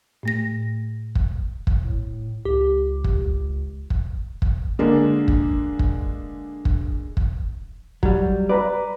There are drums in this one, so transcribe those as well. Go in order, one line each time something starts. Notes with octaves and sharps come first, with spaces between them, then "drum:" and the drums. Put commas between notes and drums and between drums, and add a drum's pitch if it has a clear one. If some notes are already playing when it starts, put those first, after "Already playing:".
A2 A3 A#6
drum: kick
drum: kick
A2
C#2 G4
drum: kick
drum: kick
drum: kick
D3 G#3 A#3 D4
drum: kick
drum: kick
drum: kick
drum: kick
F#3 G3, drum: kick
B4 D5 A#5 B5